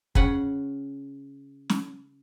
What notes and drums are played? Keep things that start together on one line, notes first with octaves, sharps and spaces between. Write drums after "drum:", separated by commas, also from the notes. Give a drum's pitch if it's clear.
C#3 C#4 B4 F#5, drum: kick
drum: snare